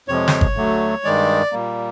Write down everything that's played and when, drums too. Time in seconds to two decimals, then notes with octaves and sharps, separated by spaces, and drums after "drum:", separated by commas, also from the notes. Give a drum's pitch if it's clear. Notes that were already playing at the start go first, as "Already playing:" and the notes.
0.08 F2 C3 F3 G#3 C#5
0.28 drum: snare
0.41 drum: kick G1
0.56 D2 D3 F#3 A3
1.04 G2 D#3 G#3 D5
1.52 A#2 G3 A#3